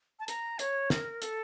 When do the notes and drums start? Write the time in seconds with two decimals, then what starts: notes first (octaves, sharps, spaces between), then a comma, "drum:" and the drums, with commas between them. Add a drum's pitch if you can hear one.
0.19 A5
0.28 A#5, drum: hi-hat
0.59 C#5, drum: hi-hat
0.90 A#4, drum: snare
1.22 A4, drum: hi-hat